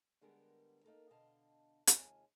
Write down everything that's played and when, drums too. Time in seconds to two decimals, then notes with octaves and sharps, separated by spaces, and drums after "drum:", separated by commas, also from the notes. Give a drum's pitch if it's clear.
0.22 D3 G3 G#3 B3 A#4
0.84 A#3 D#4 A4 A#4
1.10 B2 D3 D#5 F5 A5
1.87 D#2 C3 G#3 F4 G#5 A5, drum: hi-hat